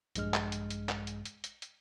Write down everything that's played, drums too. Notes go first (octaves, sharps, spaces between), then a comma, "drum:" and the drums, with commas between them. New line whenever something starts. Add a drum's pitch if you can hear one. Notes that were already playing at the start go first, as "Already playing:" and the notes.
A#1 G2 G#3 F6, drum: hi-hat
drum: clap
drum: hi-hat
drum: hi-hat
drum: clap
drum: hi-hat
drum: hi-hat
drum: hi-hat
drum: hi-hat